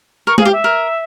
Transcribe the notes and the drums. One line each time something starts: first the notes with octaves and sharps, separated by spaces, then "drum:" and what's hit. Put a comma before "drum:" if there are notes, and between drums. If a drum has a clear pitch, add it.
A#4 C#6
G#4 F5, drum: tom G#3
G4
E5
A#4